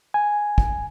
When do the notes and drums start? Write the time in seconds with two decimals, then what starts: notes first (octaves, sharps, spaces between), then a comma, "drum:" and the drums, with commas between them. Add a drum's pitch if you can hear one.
0.14 G#5
0.58 drum: kick